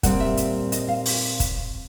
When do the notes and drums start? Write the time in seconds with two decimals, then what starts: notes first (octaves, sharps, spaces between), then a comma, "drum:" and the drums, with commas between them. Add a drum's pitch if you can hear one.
0.03 A#2 G3 C4 F#5, drum: kick, hi-hat
0.20 E5
0.37 drum: hi-hat
0.72 D#5, drum: hi-hat
0.88 F5
1.06 drum: open hi-hat
1.40 drum: kick, hi-hat